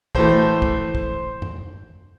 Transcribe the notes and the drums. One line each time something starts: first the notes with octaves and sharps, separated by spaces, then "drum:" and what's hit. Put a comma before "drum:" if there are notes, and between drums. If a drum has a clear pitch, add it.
A2 E3 A3 C5, drum: kick
drum: kick
drum: kick
drum: tom F#2